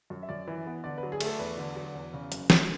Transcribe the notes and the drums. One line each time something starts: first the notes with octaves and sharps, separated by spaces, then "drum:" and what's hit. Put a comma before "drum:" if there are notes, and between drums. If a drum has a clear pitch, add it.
F#2
E5
F#2 D5
E3
B3
D3 D5
B4
F#3
G#4
A3, drum: cymbal
A4
E2 B4
D3
F#3
E2
C#3
F#1, drum: hi-hat
F#1, drum: snare